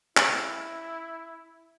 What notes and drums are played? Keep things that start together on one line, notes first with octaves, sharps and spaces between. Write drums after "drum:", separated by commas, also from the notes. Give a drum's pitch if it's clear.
C#4 E4, drum: clap